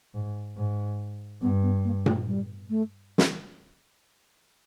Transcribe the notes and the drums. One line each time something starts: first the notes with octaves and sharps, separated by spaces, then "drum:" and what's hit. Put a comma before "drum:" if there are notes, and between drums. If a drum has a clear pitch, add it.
G#2
G#2
G2 B3
B3
A#3
A3, drum: tom A#2
G3
A3
drum: snare